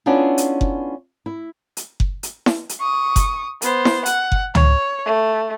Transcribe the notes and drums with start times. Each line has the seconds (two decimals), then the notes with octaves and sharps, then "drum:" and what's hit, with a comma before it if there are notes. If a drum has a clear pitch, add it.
0.06 B3 C#4 D4 E4 F4 G#4
0.38 drum: hi-hat
0.61 drum: kick F#1
1.26 E4
1.77 drum: hi-hat
2.00 drum: kick F#1
2.23 drum: hi-hat
2.46 drum: snare E4
2.69 drum: hi-hat
2.80 C#6 D#6
3.16 drum: kick F#1, hi-hat
3.62 B3 C5, drum: hi-hat
3.85 drum: snare E4
4.06 F#5, drum: hi-hat
4.32 drum: kick F#1
4.55 C#5, drum: tom
5.05 A3